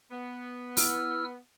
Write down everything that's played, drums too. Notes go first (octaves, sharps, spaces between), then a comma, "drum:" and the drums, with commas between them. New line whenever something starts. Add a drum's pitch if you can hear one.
B3
E4 E6 F6, drum: open hi-hat